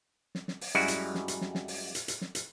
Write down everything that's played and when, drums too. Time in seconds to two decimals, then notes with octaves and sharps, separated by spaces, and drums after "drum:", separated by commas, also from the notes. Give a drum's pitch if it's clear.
0.35 drum: snare
0.48 drum: snare
0.61 drum: open hi-hat
0.75 F#2 G3 G#3 E4 F#4 F#5
0.88 drum: hi-hat
1.15 drum: snare
1.28 drum: hi-hat
1.41 drum: snare
1.55 drum: snare
1.68 drum: open hi-hat
1.95 drum: hi-hat
2.08 drum: hi-hat
2.21 drum: snare
2.35 drum: hi-hat